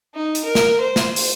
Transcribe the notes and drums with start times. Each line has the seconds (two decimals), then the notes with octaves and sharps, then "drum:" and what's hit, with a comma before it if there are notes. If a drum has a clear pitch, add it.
0.15 D#4
0.35 drum: hi-hat
0.45 A#4
0.55 drum: snare
0.81 C5
0.96 drum: snare
1.16 drum: open hi-hat